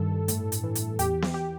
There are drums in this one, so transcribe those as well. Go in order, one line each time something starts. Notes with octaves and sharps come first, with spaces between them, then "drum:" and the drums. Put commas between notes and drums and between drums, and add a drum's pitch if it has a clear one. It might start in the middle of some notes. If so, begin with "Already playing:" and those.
Already playing: G2 D#3 A4
A2, drum: hi-hat
drum: hi-hat
E3
drum: hi-hat
E2 G4, drum: hi-hat
drum: snare B3
G4